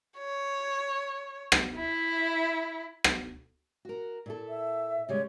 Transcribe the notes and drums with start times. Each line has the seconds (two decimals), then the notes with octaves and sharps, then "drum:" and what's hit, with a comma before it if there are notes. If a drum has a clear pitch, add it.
0.18 C#5
1.52 drum: rim click
1.76 E4
3.04 drum: rim click
3.85 F#4 A#4
4.26 A#2 E4 A4
4.49 E5
5.09 C#3 G3 G#3 C#5